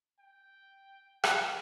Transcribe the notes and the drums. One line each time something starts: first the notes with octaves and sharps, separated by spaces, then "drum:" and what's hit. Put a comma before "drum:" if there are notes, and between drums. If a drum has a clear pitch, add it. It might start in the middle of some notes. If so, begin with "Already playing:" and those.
G5
G5, drum: rim click